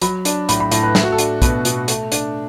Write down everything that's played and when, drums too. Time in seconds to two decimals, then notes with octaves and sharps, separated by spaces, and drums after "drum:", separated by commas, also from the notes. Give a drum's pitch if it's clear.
0.01 F#3 B5, drum: hi-hat
0.25 D4, drum: hi-hat
0.49 A2 B5, drum: hi-hat
0.60 B5
0.72 A2 E5, drum: hi-hat
0.83 B4
0.95 A3 A4, drum: snare
1.03 F#4
1.12 A4
1.18 D4, drum: hi-hat
1.42 B2 B4, drum: kick, hi-hat
1.65 B2, drum: hi-hat
1.88 A3, drum: hi-hat
2.12 D4, drum: hi-hat